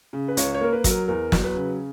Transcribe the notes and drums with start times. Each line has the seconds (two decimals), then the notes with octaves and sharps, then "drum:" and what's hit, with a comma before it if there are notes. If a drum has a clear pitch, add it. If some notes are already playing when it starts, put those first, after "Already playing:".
0.13 C#3
0.28 B4
0.37 C#2 C#5, drum: hi-hat
0.55 C#5
0.61 A#3 A#4
0.73 B4
0.84 F#3, drum: kick, hi-hat
0.90 A#4
1.08 E2 A#4
1.32 F#3, drum: snare
1.44 B4
1.56 C#3